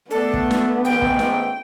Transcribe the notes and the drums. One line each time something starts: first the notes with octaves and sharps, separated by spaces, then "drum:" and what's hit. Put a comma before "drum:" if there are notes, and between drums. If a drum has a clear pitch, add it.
A3 B3 D4 A4
drum: kick
drum: snare
A1 G#2 G5
drum: kick
drum: snare